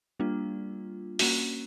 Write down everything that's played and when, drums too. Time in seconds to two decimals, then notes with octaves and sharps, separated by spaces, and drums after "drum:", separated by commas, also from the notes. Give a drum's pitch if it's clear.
0.20 G3 A#3 D4 F4
1.19 A#3 C#4 F#4, drum: open hi-hat